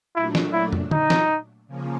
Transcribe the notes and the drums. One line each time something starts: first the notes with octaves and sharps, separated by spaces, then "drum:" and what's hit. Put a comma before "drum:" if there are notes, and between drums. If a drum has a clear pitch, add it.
A#2 F#3 A3 D4 E4
drum: snare
E4
drum: tom
D#4, drum: tom D3
drum: snare
C#3 F3 A#3 C#4